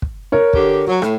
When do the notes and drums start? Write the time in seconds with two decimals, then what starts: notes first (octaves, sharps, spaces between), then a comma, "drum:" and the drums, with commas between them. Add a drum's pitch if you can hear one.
0.02 drum: kick
0.32 A#4 C#5
0.53 D3 G4, drum: kick
0.87 F#3
1.02 A2, drum: rim click